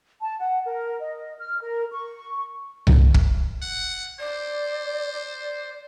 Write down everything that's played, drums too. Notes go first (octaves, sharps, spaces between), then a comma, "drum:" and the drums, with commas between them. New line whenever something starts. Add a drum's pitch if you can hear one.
A5
F#5
A#4
D#5
F6
A#4
C#6
drum: tom C2
drum: kick
F#5
C5 D5
D5